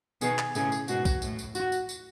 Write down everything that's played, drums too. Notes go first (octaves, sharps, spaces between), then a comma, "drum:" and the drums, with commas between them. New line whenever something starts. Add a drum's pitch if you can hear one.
B2 D#3 G#4, drum: tambourine
drum: clap
A2 C#3 G#4, drum: tambourine
drum: tambourine
G#2 B2 F#4, drum: tambourine
drum: kick, tambourine
A2, drum: tambourine
drum: tambourine
F#4, drum: tambourine
drum: tambourine
drum: tambourine